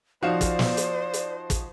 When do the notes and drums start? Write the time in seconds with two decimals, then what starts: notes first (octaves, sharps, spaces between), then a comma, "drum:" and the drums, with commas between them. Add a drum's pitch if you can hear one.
0.23 F3 D#4 F#4 C5 D5 F5 E7
0.41 drum: kick, hi-hat
0.59 drum: snare
0.77 drum: hi-hat
1.13 drum: hi-hat
1.50 drum: kick, hi-hat